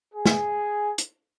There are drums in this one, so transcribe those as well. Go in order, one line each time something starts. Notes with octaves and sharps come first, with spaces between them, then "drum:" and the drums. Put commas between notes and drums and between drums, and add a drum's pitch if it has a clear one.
G#4
drum: snare
drum: hi-hat